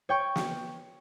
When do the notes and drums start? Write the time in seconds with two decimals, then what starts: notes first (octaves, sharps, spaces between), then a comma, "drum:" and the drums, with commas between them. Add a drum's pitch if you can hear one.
0.09 C#5 G5 C#6
0.36 drum: snare